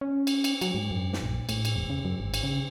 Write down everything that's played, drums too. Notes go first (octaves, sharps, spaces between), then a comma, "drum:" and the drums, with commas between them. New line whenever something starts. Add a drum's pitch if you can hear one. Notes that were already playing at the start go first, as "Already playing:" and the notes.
C#4
drum: cymbal
drum: cymbal
F#3, drum: cymbal
G#2
F#2
drum: snare
A#1
A2, drum: cymbal
drum: cymbal
E1
C#3
F#2
G#1
drum: cymbal
C#3